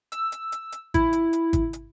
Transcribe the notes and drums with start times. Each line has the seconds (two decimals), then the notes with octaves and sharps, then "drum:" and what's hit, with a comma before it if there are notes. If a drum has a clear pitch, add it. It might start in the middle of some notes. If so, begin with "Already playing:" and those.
0.12 E6, drum: hi-hat
0.32 drum: hi-hat
0.52 drum: hi-hat
0.72 drum: hi-hat
0.94 E4, drum: kick G#1, hi-hat
1.13 drum: hi-hat
1.33 drum: hi-hat
1.53 drum: kick G#1, hi-hat
1.73 drum: hi-hat